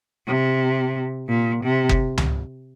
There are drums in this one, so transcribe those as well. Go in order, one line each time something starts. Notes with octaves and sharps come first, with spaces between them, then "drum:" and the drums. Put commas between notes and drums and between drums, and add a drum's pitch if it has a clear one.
C3
A#2
C3
drum: kick F#1
drum: tom C#2